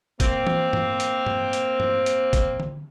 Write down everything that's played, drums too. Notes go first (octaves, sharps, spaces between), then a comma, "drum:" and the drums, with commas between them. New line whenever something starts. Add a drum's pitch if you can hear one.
A#3 C4, drum: kick, hi-hat
drum: tom E3
drum: tom G2
drum: hi-hat
drum: tom G2
drum: hi-hat
drum: tom G2
drum: hi-hat
drum: kick, hi-hat
drum: tom D3